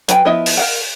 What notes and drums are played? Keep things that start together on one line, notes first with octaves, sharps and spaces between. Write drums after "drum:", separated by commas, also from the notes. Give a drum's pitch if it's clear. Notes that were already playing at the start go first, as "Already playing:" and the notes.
F#3 B4 G5 G#5, drum: hi-hat
F3 B3 E4 D#5 E5
drum: open hi-hat
A#4 F5 F#5